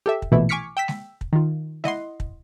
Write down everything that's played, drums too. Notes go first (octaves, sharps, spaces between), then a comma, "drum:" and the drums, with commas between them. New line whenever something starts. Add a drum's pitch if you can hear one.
G4 A4 E5
drum: kick
A#1 B2 E3 A3 E4
G#5 C#6 D6 F6 B6 C#7
G5 E6 B6
drum: snare G#3
drum: kick
D#3 F4
E4 D#5 F#5 C6, drum: snare G#3
drum: kick